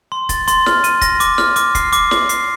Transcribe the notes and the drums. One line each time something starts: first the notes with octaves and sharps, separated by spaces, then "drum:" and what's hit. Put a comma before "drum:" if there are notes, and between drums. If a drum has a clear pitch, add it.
C6
A6, drum: kick, hi-hat
C6, drum: hi-hat
F6, drum: snare
D#7, drum: hi-hat
A#6, drum: kick, hi-hat
D6, drum: hi-hat
F6, drum: snare
D6, drum: hi-hat
C7, drum: kick, hi-hat
D6, drum: hi-hat
D6, drum: snare
C7, drum: hi-hat